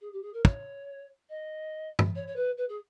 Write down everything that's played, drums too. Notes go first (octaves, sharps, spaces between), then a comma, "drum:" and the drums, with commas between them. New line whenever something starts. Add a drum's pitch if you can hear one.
G#4
G4
G#4
A#4
C#5, drum: kick
D#5
drum: tom G2
C#5
C#5
B4
B4
G#4